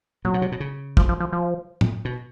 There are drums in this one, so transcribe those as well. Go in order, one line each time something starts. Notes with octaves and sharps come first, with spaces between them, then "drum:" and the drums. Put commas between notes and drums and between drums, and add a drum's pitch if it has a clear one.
A#2 F#3
B2
C3
B2
C#3
F3, drum: kick
F3
F3
F3
drum: tom
B2